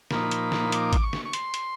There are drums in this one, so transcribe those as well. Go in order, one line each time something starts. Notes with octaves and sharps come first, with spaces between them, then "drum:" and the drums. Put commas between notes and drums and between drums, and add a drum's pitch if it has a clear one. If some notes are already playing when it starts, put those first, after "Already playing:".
A#2 F3 A#3 D#4 B5, drum: snare
drum: hi-hat
drum: snare
D6, drum: hi-hat
drum: kick A1, hi-hat
C#6
drum: snare
C#6
C6, drum: hi-hat
drum: hi-hat